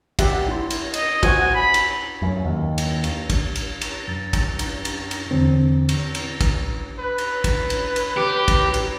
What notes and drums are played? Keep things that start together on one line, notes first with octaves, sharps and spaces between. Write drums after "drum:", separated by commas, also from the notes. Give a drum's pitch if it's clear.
G4 E5 F#5, drum: kick, cymbal
E4 C6
drum: cymbal
D#5, drum: cymbal
F#4 C5 F#5 G#5, drum: kick, cymbal
B5
drum: cymbal
F#2
D#2
drum: cymbal
drum: cymbal
drum: kick, cymbal
drum: cymbal
drum: cymbal
F#2 A6
drum: kick, cymbal
drum: cymbal
drum: cymbal
drum: cymbal
E2 D3 C4
drum: cymbal
drum: cymbal
drum: kick, cymbal
B4
drum: cymbal
drum: kick, cymbal
drum: cymbal
drum: cymbal
G4
drum: kick, cymbal
drum: cymbal